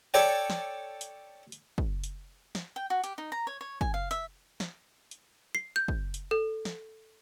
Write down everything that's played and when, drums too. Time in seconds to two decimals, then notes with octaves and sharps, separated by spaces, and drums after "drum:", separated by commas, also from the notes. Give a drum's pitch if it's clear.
0.14 A4 C#5 D5 G5
0.50 drum: snare
1.01 drum: hi-hat
1.52 drum: hi-hat
1.78 drum: kick
2.04 drum: hi-hat
2.55 drum: snare
2.76 G5
2.90 F#4
3.04 G4, drum: hi-hat
3.18 D#4
3.32 A#5
3.47 C#5
3.61 C#5
3.81 G#5, drum: kick
3.94 F5
4.11 E5, drum: hi-hat
4.60 drum: snare
5.11 drum: hi-hat
5.55 C7
5.76 G6
5.88 drum: kick
6.14 drum: hi-hat
6.31 A4
6.65 drum: snare